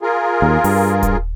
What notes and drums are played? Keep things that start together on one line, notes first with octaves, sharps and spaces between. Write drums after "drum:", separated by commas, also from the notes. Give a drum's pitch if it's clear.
F4 G#4 A#4
D#2
G2, drum: open hi-hat
drum: kick D#1, hi-hat